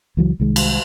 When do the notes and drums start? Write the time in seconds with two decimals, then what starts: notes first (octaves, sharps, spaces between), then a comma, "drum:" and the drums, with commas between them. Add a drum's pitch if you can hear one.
0.17 C#2 E3 F#3
0.40 C2 D#3 G#3
0.56 drum: cymbal